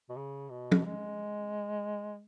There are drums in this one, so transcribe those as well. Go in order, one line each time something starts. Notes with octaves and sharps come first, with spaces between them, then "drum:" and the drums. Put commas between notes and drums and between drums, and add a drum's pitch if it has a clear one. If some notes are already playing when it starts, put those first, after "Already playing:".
B2
C#3
B2
drum: tom
G#3